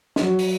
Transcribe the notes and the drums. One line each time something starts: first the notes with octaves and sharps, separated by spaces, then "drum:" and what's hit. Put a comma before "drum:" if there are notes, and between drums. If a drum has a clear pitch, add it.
F#3, drum: snare
drum: open hi-hat